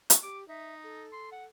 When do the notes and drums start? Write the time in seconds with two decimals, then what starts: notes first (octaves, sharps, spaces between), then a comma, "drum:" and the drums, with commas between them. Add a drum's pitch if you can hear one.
0.10 C#6, drum: hi-hat
0.23 G4 D6
0.48 D#4 E5
0.84 A4
1.12 C6
1.32 F#5